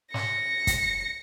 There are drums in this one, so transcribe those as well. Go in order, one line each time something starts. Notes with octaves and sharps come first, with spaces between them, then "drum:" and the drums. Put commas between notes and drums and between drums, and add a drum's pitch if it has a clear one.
A#6 C#7, drum: snare
drum: kick, hi-hat